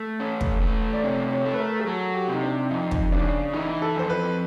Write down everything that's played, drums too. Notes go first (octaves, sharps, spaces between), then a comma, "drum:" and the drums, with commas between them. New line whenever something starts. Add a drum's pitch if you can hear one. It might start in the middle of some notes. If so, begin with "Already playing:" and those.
Already playing: A3
C#4 A4
drum: kick
A3
D5
C3 C#5
C#5
A3
B4
A#4
G#4
F#3 A4
G4
C3 D#4
D4
F2 D#4
drum: kick
C#3 D4
E3 D#4
A4
F2 C5
B4